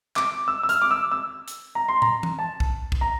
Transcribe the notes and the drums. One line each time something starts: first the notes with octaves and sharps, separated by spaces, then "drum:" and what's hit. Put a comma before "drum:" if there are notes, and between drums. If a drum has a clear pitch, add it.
D6, drum: clap
E6
E6
F6, drum: hi-hat
D6
E6
E6
drum: hi-hat
A#5
C6
A#5, drum: tom
drum: tom E3
A5
drum: kick A#1
drum: kick A#1
A#5